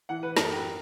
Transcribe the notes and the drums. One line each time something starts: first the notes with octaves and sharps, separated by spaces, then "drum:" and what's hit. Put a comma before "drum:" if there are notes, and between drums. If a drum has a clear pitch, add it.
E3 F#5
B4
F#2 A4, drum: snare
G4